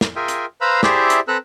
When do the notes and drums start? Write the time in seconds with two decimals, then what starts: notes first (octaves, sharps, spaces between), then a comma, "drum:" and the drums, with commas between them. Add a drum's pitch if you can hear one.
0.01 drum: snare
0.16 F4 G#4 A#4 E5 G5 G#5
0.28 drum: hi-hat
0.61 B4 C5 F5 A#5 B5 E6
0.83 E4 G4 G#4 C5 D5 E5, drum: snare
1.10 drum: hi-hat
1.28 C4 A4 B4 A#5 E6 F#6